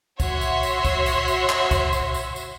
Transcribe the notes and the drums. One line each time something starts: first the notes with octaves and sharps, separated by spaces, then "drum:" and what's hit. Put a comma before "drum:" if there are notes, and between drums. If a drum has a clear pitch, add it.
F#4 C#5 E5 C6, drum: kick, tambourine
drum: tambourine
drum: tambourine
drum: kick, tambourine
drum: tambourine
drum: tambourine
drum: clap
drum: kick, tambourine
drum: tambourine
drum: tambourine
drum: tambourine